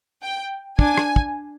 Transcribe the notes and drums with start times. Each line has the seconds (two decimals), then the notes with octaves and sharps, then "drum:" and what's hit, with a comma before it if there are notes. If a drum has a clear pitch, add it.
0.23 G5
0.79 D4 G#5, drum: kick
0.98 drum: rim click
1.16 drum: kick